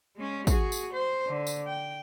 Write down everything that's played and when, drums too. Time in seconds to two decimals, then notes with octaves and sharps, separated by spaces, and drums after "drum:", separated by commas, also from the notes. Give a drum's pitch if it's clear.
0.17 G#3 C#4
0.47 F#4 G#4, drum: kick, tambourine
0.72 drum: tambourine
0.93 C5
1.27 D3
1.47 drum: tambourine
1.67 G5